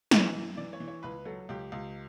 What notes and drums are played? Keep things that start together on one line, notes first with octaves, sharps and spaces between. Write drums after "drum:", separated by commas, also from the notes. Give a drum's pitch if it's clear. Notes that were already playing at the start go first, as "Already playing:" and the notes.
E3, drum: snare
F#2
E3 D5
C#5
E3
C#5
C#2 B4
F#3 A4
C#2 G4
C#2